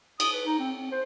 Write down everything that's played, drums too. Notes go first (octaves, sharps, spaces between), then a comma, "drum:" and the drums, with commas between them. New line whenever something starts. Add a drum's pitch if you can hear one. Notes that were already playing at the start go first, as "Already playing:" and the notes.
D#6, drum: cymbal
B4
D#4
C4
C4
C5